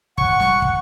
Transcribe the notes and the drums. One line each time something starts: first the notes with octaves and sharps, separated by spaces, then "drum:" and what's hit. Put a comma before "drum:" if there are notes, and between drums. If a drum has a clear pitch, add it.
F#5 C#6, drum: kick
drum: snare
drum: kick